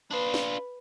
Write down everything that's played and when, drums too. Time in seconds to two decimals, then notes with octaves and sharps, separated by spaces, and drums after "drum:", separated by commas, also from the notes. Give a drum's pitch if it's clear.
0.11 D4 F4 B4
0.34 drum: snare